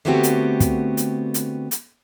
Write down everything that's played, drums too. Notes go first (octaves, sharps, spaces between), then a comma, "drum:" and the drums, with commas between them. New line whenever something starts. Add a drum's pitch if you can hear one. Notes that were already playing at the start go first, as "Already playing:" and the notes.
D3 A3 B3 C4 F#4 G4
drum: hi-hat
drum: kick, hi-hat
drum: hi-hat
drum: hi-hat
drum: hi-hat